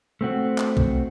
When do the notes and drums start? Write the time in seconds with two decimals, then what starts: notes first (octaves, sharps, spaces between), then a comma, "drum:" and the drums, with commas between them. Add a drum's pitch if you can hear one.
0.21 A3 C4 F#4
0.58 drum: clap
0.77 drum: kick B1